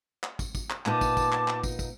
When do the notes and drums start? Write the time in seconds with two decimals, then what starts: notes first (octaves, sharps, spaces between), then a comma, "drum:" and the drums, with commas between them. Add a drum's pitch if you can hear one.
0.24 drum: clap
0.39 drum: kick, tambourine
0.55 drum: kick, tambourine
0.70 drum: clap
0.86 A#2 B3 D#4 A5 D6, drum: clap
1.01 drum: kick, tambourine
1.17 drum: kick, tambourine
1.32 drum: clap
1.48 drum: clap
1.64 drum: kick, tambourine
1.79 drum: kick, tambourine